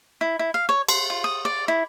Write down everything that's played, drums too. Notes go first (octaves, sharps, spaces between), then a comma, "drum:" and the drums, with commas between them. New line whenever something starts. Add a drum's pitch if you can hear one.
E4
E4
F5
C#5
C6, drum: cymbal
F4
D#6
D5
E4